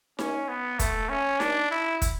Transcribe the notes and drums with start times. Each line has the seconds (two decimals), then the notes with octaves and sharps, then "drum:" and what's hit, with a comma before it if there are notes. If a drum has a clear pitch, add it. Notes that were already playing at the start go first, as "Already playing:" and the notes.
0.19 C#4, drum: snare D#4
0.49 B3
0.79 A3, drum: kick, hi-hat
1.09 C#4
1.40 D4, drum: snare D#4
1.71 E4
2.02 drum: kick, hi-hat